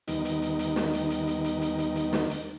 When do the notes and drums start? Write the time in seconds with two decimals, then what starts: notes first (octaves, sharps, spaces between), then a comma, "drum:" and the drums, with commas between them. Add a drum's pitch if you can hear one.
0.07 D#2 D#3 G3 B3 D#4, drum: hi-hat
0.25 drum: hi-hat
0.42 drum: hi-hat
0.59 drum: hi-hat
0.76 drum: snare
0.93 drum: hi-hat
1.10 drum: hi-hat
1.27 drum: hi-hat
1.44 drum: hi-hat
1.62 drum: hi-hat
1.79 drum: hi-hat
1.96 drum: hi-hat
2.13 drum: snare
2.30 drum: hi-hat